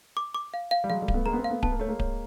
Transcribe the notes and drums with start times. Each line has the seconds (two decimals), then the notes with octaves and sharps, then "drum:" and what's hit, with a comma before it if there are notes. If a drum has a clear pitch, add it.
0.17 D6
0.35 D6
0.54 F5
0.71 F5
0.84 G3
0.89 F#3 G#3 F5
1.02 G3 A3
1.08 F5, drum: kick D1
1.14 A3 B3
1.26 G#3 A#3 A#5
1.33 B3
1.38 A#3 C4
1.44 F5
1.50 A3 B3
1.63 B3 A5, drum: kick D1
1.72 A#3
1.79 A3 C#5
1.88 G#3 A#3
1.99 C#5, drum: kick D1